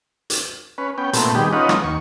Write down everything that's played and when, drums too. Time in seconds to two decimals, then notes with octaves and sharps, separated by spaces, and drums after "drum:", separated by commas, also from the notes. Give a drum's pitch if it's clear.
0.30 drum: hi-hat
0.78 C#4 B4
0.98 B3 C#4 G5
1.13 A#2 A3 B3 C4, drum: hi-hat
1.35 D#3 G3 B3 G4 G#4
1.53 C#4 D#4 F4 B4 D#5 F#5
1.69 drum: rim click
1.84 D#2 C#6